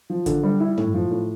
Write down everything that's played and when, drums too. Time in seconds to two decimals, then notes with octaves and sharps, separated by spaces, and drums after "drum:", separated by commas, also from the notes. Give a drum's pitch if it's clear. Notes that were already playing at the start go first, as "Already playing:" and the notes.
0.10 F3
0.26 D3, drum: kick, hi-hat
0.43 G3
0.60 E4
0.78 A2, drum: tom
0.94 F3
1.11 A2